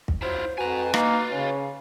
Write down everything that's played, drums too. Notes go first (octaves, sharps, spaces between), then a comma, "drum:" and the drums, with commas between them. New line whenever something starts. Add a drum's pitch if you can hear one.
drum: kick
F#3 E4 F4 C5
F2 F#4 B4 G#5 A#5
A#3 D#4 F#4 F5, drum: rim click
C#3 C#4